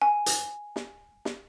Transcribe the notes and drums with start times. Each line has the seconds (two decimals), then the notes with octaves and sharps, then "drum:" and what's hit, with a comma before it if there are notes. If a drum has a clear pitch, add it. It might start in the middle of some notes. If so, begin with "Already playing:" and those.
0.02 G#5
0.26 drum: hi-hat
0.76 drum: snare
1.25 drum: snare